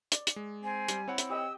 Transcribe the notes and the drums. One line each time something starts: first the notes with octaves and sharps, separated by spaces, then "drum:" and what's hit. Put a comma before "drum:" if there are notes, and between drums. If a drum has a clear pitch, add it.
D5, drum: hi-hat
drum: hi-hat
G#3
C4 G#5
G3, drum: hi-hat
C4 E4 C#5 F#5
drum: hi-hat
G4 D#5 G5 E6